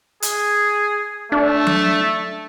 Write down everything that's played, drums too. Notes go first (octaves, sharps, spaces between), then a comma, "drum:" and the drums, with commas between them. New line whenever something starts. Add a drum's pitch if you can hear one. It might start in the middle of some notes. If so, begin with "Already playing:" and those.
G#4, drum: hi-hat
A3 D4
drum: tom F#3